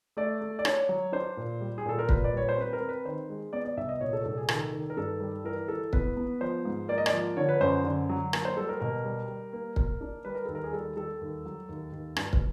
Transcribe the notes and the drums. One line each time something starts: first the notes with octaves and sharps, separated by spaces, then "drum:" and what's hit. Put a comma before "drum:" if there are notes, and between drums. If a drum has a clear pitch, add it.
A3 D5
A3
D5
D4 C#5, drum: rim click
F#3
D4 C5
A#2
G3
G#4
A#2 A4
A#4
A#2 B4, drum: kick
D5
G3 C#5
C5
C4 B4
A#4
C4
B4
D#3 C5
G#3
B3 D5
D5
C2 E5
D#5
A#2 C#5
A4
C2 A4
G#4
D#3 A4, drum: rim click
D#3
A#4
G2 A4
G3
E3 A#4
E3 A4
B3 B4, drum: kick
B3
F3 C5
G#2
A#3 D5
D#5
D5, drum: rim click
F3
D3 C#5
B4
F#2 C5
D3
F#3
A#3, drum: rim click
C5
G3 A4
A#4
B2 A#4
G3
G3
A#3
A#3, drum: kick
D4
G3 B4
A#4
D#2 A4
A#4
G#4
G3 A4
G3 A4
D#2
F#3
D#2
D#2
G2, drum: rim click
drum: kick